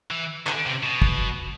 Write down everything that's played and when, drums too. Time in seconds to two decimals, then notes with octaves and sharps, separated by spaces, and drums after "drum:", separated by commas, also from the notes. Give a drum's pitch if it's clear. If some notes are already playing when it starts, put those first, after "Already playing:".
0.11 E3
0.47 D3, drum: clap
0.66 C3
0.83 B2
1.02 drum: kick